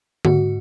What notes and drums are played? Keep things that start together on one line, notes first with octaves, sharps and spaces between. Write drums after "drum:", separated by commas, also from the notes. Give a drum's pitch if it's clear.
G#2 F#4, drum: tom D3